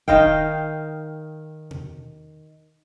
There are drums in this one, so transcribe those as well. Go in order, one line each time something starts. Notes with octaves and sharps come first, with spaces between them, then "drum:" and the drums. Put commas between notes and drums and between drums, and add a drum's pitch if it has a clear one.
D#3 D#5 F5 G5, drum: kick D#1
drum: tom B2